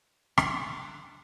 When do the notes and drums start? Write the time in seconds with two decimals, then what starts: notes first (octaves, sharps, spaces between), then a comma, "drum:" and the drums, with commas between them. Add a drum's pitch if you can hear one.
0.38 D3, drum: rim click